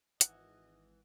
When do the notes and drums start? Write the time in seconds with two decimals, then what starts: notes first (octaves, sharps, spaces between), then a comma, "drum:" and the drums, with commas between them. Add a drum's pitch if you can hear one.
0.21 G#1 E3 D#5 F#5, drum: hi-hat